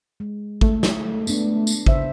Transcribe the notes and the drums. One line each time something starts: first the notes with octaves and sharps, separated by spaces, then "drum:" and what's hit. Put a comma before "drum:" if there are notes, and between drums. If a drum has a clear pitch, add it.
G#3
A3, drum: kick
drum: snare
B3 D4, drum: tambourine
drum: tambourine
C#3 C5 E5, drum: kick